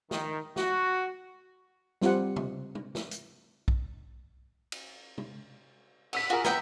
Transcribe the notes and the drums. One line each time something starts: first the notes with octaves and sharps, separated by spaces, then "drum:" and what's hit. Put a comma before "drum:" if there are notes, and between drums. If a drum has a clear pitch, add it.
D#3, drum: snare
F#4, drum: snare
G3 C4 F4 G4 F#5, drum: snare
drum: tom C3
drum: tom
drum: snare
drum: hi-hat
drum: kick
drum: cymbal
drum: tom
F#5 E6 B6, drum: cymbal
F4 F#4 G#4 A#4
B3 G4 E5 F#5 A#5, drum: snare